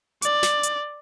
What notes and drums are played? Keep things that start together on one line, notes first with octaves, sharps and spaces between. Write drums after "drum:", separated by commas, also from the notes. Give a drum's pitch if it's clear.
D5, drum: hi-hat
drum: snare
drum: hi-hat